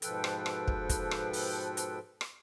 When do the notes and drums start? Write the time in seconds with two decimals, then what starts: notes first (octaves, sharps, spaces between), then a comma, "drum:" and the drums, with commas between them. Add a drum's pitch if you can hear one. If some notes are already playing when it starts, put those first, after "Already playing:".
0.02 G#2 B2 F3 A4 B4 G5, drum: hi-hat
0.24 drum: rim click
0.46 drum: rim click
0.68 drum: kick
0.89 drum: kick, hi-hat
1.11 drum: rim click
1.33 drum: open hi-hat
1.77 drum: hi-hat
2.21 drum: rim click